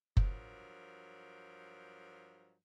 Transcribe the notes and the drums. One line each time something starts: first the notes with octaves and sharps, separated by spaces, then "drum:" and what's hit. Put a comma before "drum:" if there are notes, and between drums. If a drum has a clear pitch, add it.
G2 F3 F#3 A#4, drum: kick F#1